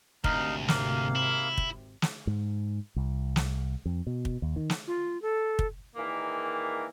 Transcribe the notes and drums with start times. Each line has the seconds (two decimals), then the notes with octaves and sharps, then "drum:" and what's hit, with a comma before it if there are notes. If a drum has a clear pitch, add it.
0.24 G#1 D2 C3 D#4 A#4 F5, drum: kick
0.68 A#3 F5, drum: snare
1.15 E4
1.58 drum: kick
2.02 drum: snare
2.27 G#2
2.96 C2
3.36 drum: snare
3.86 F2
4.07 B2
4.25 drum: kick
4.42 D#2
4.56 D#3
4.70 drum: snare
4.87 F4
5.22 A4
5.59 drum: kick
5.96 A#2 D#3 E3 G#3 A#3